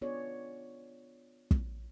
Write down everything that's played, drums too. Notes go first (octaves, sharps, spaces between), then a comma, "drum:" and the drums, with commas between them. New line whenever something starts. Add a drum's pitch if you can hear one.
B3 D4 F4 G#4 C#5 D5
drum: kick